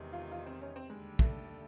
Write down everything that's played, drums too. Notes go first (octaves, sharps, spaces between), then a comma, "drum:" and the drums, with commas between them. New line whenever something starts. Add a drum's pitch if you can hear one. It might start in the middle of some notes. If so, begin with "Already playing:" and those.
Already playing: E2 C3 D#3 G#3
F4
F4
C4
C#4
C4
D#2 D3 G3 G#3
A3, drum: kick